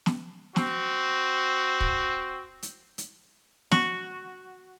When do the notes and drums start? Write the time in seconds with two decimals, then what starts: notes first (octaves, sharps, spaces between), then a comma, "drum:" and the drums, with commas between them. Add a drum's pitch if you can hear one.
0.06 drum: snare
0.56 C4 F#4, drum: snare
1.81 drum: kick
2.63 drum: hi-hat
2.98 drum: hi-hat
3.72 F#4, drum: snare